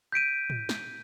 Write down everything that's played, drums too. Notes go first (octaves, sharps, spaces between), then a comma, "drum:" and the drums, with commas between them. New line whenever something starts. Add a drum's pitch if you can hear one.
G6 B6 D7 D#7
drum: tom
drum: snare